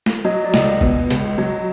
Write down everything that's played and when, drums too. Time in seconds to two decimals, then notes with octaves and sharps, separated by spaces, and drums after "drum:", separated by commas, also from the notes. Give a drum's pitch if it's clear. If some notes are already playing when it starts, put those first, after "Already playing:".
0.06 drum: snare
0.25 F#3 D#5
0.45 D5
0.54 C#2 D#5, drum: snare
0.81 B2, drum: kick G1
1.10 C#2, drum: hi-hat
1.38 F#3